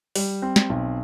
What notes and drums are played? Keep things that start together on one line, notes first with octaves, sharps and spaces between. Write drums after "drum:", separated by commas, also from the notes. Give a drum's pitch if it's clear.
G3, drum: open hi-hat
C4
drum: snare
B1